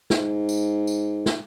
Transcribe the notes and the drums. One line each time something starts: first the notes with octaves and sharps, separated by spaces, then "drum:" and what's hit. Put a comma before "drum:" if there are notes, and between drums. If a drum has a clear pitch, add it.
G#2, drum: snare
drum: tambourine
drum: tambourine
drum: snare